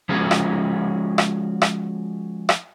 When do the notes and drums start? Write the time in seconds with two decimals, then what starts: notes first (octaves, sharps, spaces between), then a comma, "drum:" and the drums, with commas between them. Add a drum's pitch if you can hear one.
0.09 F3 G#3 C#4 F#4 G#4 F5
0.31 drum: rim click
1.18 drum: rim click
1.62 drum: rim click
2.49 drum: rim click